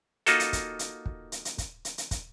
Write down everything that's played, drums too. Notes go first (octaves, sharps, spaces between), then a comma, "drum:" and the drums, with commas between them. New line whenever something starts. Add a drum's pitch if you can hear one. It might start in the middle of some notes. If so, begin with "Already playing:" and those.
A#3 D#4 F4 F#4 A4, drum: hi-hat
drum: hi-hat
drum: kick, hi-hat
drum: hi-hat
drum: kick
drum: hi-hat
drum: hi-hat
drum: kick, hi-hat
drum: hi-hat
drum: hi-hat
drum: kick, hi-hat